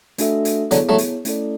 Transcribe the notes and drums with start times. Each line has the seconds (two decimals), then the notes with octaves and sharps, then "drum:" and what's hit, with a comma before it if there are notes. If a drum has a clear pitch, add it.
0.18 A3 D4 F#4 A4 E5, drum: hi-hat
0.45 drum: hi-hat
0.71 D3 F#3 B3 E4 G#4 C#5, drum: hi-hat
0.89 F#3 A3
0.98 drum: hi-hat
1.25 A3 C#4 E4 A4 D5, drum: hi-hat